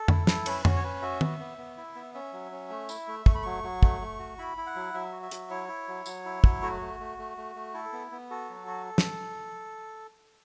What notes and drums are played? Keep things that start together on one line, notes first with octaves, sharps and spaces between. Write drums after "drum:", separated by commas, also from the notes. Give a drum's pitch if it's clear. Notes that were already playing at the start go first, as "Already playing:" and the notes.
Already playing: A4
E4, drum: tom F2
E4, drum: snare
C#4 B4, drum: cymbal
C#4 F#4, drum: tom F2
C#5
C#4 B4
F#4 E5
B3, drum: tom
B3
B3
E4
B3
C#4 E5
F#3
C#4
A3
E4, drum: tambourine
A3
A3 C#6, drum: kick
B5
F#3 C#6
F#3
A3, drum: kick
A3
F#4
E4 B5
E4
F#5
F#3
F#3 E5
F#4
E5
F#3, drum: hi-hat
E4 C#5
E4
F#3
F#3, drum: tambourine
E4
F#3, drum: kick
A3 F#4
A3
A3
A3
A3
A3
E4 A4
B3
B3
F#4 A4
F#3
F#4
drum: snare